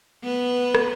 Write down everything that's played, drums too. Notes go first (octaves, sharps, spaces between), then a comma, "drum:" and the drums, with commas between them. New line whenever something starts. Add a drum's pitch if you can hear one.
B3 B4
drum: rim click